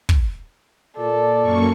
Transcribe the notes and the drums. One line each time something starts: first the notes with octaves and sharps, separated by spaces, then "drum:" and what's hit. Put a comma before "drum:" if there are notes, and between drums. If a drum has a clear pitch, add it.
drum: kick
A#2 A4 D5
F#2 A#3 C#6